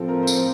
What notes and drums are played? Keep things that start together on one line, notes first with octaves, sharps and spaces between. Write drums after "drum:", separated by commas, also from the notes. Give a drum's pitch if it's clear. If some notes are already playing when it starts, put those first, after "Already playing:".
Already playing: A2 F3 C4 A4
A#4
C5
A#4, drum: tambourine